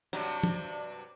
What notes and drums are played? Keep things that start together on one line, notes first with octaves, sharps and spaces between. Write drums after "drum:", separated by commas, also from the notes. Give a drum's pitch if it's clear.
G2 C3 F#3, drum: hi-hat
drum: tom